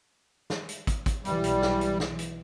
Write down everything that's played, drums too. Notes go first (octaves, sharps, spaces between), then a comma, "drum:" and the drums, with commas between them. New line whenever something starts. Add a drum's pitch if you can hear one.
drum: snare
drum: hi-hat
drum: kick, hi-hat
drum: kick, hi-hat
B1 E3 G3, drum: hi-hat
drum: hi-hat
drum: snare
drum: hi-hat
drum: snare
drum: hi-hat